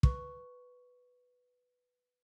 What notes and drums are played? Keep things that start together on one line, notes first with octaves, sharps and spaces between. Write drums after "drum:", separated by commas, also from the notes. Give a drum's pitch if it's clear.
B4 C#6, drum: kick